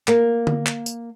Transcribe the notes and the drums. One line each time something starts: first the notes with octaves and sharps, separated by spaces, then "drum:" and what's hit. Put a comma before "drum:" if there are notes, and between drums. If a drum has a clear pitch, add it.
A#3, drum: clap
drum: tom D3
drum: clap
drum: tambourine